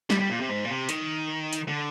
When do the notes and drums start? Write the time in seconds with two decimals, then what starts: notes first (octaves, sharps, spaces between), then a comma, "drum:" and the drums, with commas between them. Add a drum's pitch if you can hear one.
0.10 G3, drum: snare
0.20 G3
0.30 A#2
0.40 C3
0.49 G#2
0.65 A#2
0.70 C3
0.89 D#3, drum: hi-hat
1.53 drum: hi-hat
1.68 D3